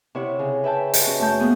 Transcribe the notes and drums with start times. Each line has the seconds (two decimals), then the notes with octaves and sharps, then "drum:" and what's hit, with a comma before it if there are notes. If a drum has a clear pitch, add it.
0.15 C3 E4 C#5 F#5
0.39 C#3
0.64 B4 E5 G5 A5
0.94 drum: hi-hat
1.07 C#4 F#4
1.19 F#2 F#3 A3 A5 G6
1.40 F#3 A#3 B3 G#4